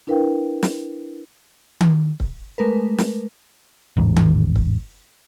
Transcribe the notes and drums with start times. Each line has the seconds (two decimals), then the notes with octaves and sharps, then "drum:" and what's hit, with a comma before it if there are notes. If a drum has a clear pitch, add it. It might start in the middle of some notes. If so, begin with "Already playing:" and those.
0.07 D4 E4 A#4 B4 F5 G5
0.63 drum: snare
1.80 drum: tom D#3
2.20 drum: kick C#1
2.58 G#3 A3 A#4 B4
2.98 drum: snare
3.97 A1 E2 G#2
4.16 drum: tom D#3
4.56 drum: kick C#1